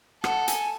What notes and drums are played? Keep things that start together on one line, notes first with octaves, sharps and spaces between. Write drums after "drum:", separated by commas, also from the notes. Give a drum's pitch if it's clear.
A4 F#5, drum: rim click
G#5, drum: hi-hat